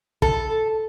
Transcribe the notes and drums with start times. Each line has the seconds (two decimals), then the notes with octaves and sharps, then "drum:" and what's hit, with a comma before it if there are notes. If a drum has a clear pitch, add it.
0.22 A4, drum: kick